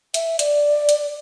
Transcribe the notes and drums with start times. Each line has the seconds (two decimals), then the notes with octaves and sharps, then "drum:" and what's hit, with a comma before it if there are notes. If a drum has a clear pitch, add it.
0.14 E5, drum: hi-hat
0.39 D5, drum: hi-hat
0.89 drum: hi-hat